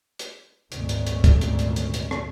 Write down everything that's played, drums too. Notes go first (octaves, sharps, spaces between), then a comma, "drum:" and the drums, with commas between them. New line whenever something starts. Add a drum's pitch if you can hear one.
drum: hi-hat
G#1 D2 A#2 C#4, drum: hi-hat
drum: hi-hat
drum: hi-hat
drum: kick, hi-hat
drum: hi-hat
drum: hi-hat
drum: hi-hat
drum: hi-hat
drum: rim click